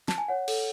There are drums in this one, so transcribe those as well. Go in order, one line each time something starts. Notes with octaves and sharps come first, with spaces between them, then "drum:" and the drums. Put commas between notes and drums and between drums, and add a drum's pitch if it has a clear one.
A5, drum: snare
G#5
C#5 F#5
A4, drum: cymbal